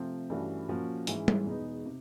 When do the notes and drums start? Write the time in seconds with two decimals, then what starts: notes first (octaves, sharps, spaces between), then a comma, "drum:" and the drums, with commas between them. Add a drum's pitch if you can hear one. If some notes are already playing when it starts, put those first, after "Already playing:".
Already playing: C3 F3 A3 C4
0.30 G2 E3 A3 C#4 F#4
0.68 A#2 F3 A#3 C#4 F#4
1.07 G#2 E3 G#3 C#4 E4, drum: hi-hat
1.28 drum: tom
1.46 E2 B2 G#3 B3 D#4
1.86 C3